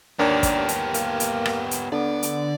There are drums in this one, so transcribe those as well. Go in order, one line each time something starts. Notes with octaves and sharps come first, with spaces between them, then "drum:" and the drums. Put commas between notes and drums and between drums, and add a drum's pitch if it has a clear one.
D#2 B3 D4 G4 A#4 C#5
drum: kick, hi-hat
drum: hi-hat
A#3, drum: hi-hat
drum: hi-hat
drum: rim click
drum: hi-hat
D3 B3 D5
drum: hi-hat